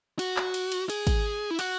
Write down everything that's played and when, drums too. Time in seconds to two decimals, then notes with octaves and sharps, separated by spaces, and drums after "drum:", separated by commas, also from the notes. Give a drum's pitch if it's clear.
0.19 F#4, drum: cymbal
0.37 drum: clap
0.54 drum: cymbal
0.72 drum: cymbal
0.90 G#4, drum: cymbal
1.07 drum: kick G#1, cymbal
1.51 E4
1.59 F#4, drum: cymbal